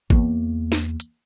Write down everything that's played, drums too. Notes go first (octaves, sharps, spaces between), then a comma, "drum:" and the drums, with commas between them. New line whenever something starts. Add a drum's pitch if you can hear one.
E2 A#3, drum: kick G#1
drum: snare
drum: hi-hat